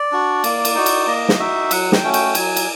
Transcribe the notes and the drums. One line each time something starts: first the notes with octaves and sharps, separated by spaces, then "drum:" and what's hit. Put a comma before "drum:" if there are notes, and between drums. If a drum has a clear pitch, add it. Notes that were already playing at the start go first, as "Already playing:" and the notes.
Already playing: D5
D4 F#4
A#3, drum: cymbal
drum: cymbal
D#4 F#4
drum: cymbal
A#3 D#5
drum: snare
D#4 F#4 E5
F#3 F#5, drum: cymbal
G5, drum: snare
A3 C#4 F#4
G5, drum: cymbal
F#3 G#5, drum: cymbal
drum: cymbal